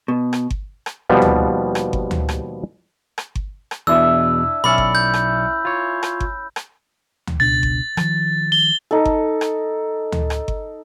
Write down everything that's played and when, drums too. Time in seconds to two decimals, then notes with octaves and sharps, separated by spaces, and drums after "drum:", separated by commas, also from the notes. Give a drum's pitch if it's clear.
0.08 B2
0.33 drum: rim click
0.50 drum: kick G1
0.86 drum: rim click
1.10 D#2 B2 F3 G3 B3
1.22 drum: tom D2
1.75 drum: rim click
1.93 drum: kick G1
2.11 drum: tom D2
2.29 drum: rim click
3.18 drum: rim click
3.35 drum: kick G1
3.71 drum: rim click
3.87 E2 B2 D4 E4 D#5 E6
4.64 B1 C#4 D5 E5 B5 C#7
4.78 drum: kick G1
4.95 G6
5.14 drum: rim click
5.65 F4 C#5
6.03 drum: rim click
6.20 drum: kick G1
6.56 drum: rim click
7.27 drum: tom D2
7.40 C#2 B2 D4 A6
7.63 drum: kick G1
7.97 D#3 F3, drum: rim click
8.52 G7
8.91 D#4 A4
9.05 drum: kick G1
9.41 drum: rim click
10.12 drum: tom D2
10.30 drum: rim click
10.48 drum: kick G1